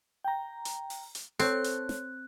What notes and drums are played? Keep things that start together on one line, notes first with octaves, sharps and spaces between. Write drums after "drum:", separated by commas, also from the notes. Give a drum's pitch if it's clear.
G5 A#5
drum: hi-hat
drum: open hi-hat
drum: hi-hat
C4 A4 C#5 F#6, drum: hi-hat
drum: hi-hat
drum: snare